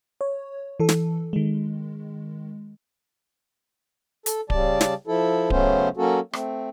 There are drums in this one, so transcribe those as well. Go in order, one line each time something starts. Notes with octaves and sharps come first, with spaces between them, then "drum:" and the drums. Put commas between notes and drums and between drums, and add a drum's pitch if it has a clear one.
C#5
E3 A4
drum: snare
D#3 G#3
A4, drum: hi-hat
C#3 G3 D5 A5, drum: kick D1
drum: snare
F3 E4 A4
C#3 F#3 A3 B3 C#4 C5, drum: kick D1
F#3 A#3 C#4 F#4 A4
A3 C4, drum: rim click